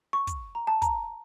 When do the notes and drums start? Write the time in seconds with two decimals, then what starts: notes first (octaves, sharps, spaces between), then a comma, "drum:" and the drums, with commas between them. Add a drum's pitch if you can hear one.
0.13 C#6
0.27 drum: kick, hi-hat
0.55 A#5
0.67 A5
0.82 A#5, drum: kick, hi-hat